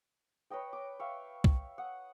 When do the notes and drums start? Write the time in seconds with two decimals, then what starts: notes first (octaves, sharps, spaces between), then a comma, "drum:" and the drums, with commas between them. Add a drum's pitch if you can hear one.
0.50 B4 C#5 D#5 G5
0.73 D6
0.99 E5 F5 G5 C#6
1.44 drum: kick
1.78 F#5 D#6